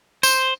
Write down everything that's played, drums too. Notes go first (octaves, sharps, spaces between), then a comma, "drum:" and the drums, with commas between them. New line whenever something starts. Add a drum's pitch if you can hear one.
C5, drum: tambourine